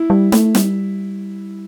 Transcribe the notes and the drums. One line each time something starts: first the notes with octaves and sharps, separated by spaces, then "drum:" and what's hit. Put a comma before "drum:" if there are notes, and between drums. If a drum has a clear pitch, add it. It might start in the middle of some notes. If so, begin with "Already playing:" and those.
Already playing: E4
G3
A3, drum: snare
G3, drum: snare